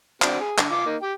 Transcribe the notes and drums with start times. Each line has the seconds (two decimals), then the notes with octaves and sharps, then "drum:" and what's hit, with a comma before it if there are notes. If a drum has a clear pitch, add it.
0.22 C4 D4 F#4, drum: clap
0.40 G#4
0.58 D3, drum: clap
0.71 F4 D6
0.86 A#3 D#4
1.02 G4 G5